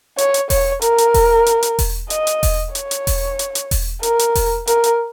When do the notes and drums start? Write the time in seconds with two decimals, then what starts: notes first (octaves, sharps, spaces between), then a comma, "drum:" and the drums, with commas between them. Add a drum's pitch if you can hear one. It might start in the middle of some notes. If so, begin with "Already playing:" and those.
0.18 C#5, drum: hi-hat
0.34 drum: hi-hat
0.50 C#5, drum: kick E1, open hi-hat
0.82 A#4, drum: hi-hat
0.98 drum: hi-hat
1.14 drum: kick E1, open hi-hat
1.46 drum: hi-hat
1.63 drum: hi-hat
1.79 drum: kick E1, open hi-hat
2.10 D#5, drum: hi-hat
2.27 drum: hi-hat
2.43 drum: kick E1, open hi-hat
2.75 C#5, drum: hi-hat
2.91 drum: hi-hat
3.07 drum: kick E1, open hi-hat
3.39 drum: hi-hat
3.55 drum: hi-hat
3.71 drum: kick E1, open hi-hat
4.03 A#4, drum: hi-hat
4.19 drum: hi-hat
4.35 drum: kick E1, open hi-hat
4.67 A#4, drum: hi-hat
4.84 drum: hi-hat